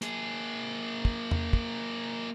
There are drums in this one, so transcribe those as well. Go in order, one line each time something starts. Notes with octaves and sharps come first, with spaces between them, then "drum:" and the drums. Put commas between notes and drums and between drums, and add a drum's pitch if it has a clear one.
A#3 G#4, drum: hi-hat
drum: kick
drum: tom E2
drum: kick